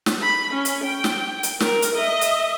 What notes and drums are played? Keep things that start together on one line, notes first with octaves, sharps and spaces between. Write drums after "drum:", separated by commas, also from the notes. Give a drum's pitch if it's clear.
drum: snare
B5
C#4
drum: hi-hat
G5
drum: snare
drum: hi-hat
A#4, drum: snare
drum: hi-hat
D#5 E5
drum: hi-hat